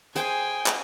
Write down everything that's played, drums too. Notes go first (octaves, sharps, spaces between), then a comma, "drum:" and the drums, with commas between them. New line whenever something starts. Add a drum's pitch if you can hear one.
G#4 C5 G5 G#5, drum: hi-hat
drum: clap